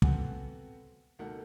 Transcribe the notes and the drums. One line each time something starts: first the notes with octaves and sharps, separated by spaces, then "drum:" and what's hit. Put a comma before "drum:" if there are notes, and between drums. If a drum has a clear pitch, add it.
B3 C4 F#4 A4 F#5 G#5, drum: kick
C#2 B2 D#3 A#3 A4 F#5